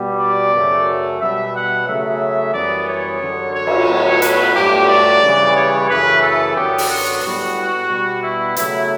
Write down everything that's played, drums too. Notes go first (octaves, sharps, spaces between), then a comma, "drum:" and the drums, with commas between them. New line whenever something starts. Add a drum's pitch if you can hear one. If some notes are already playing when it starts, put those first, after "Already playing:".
Already playing: B2 G3 B3
D5
F#2 C#3 F#3 A3
B2 G3 B3 E5
F#5
C#3 F#3 A3 E5
F#2 E3 G3 B3 D5
C#5
F#2 D3 F#3
C#5
drum: cymbal
A2 F#3 B3
B4, drum: hi-hat
G2 F#3 A3 G4
D5
C#3 E3 G3
C#5
F#2 C#3 E3 A3 B4
A4
F#2 D3 F#3 B3 G4
drum: open hi-hat
F#4
A2 G3 B3 F#4
B2 G3 B3
E4
C#3 F#3 A3 E4, drum: hi-hat